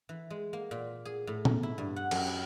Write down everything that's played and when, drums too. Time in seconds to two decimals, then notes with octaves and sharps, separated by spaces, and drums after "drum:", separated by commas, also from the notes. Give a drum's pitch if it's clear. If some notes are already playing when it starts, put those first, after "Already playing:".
0.09 E3
0.30 G#3
0.53 A#3
0.71 A#2
1.05 G#4
1.27 A2
1.45 drum: tom
1.63 E4
1.78 G2
1.96 F#5
2.11 F#2, drum: cymbal
2.27 B5